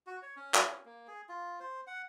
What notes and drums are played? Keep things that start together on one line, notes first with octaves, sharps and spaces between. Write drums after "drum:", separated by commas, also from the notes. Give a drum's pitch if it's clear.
F#4
C#5
C#4
drum: clap
A#3
G#4
F4
C5
F#5